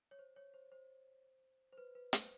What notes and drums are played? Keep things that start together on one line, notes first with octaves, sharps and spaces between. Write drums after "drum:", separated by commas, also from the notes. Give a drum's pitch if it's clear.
C#5
C5
C#5
C5
C5
C5
B4
B4
C5, drum: hi-hat